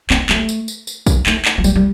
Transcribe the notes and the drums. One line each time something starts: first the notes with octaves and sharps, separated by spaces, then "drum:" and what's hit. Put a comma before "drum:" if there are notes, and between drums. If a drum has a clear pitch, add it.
C4, drum: clap
A3, drum: clap
drum: tambourine
drum: tambourine
drum: tambourine
drum: kick, tambourine
A3, drum: clap
drum: clap
F3
G3, drum: tambourine
G3